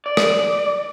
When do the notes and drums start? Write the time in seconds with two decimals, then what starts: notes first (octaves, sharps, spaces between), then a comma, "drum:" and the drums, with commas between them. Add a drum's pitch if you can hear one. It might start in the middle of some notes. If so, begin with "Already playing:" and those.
0.06 D5
0.17 drum: rim click